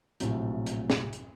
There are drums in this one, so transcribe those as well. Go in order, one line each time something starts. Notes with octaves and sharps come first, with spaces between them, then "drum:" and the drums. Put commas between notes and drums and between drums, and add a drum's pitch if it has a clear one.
A#1 A2 C3 F#3, drum: hi-hat
drum: hi-hat
drum: snare
drum: hi-hat